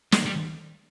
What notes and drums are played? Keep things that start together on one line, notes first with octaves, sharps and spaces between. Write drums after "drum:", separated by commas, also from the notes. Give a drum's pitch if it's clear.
G#3, drum: snare
G3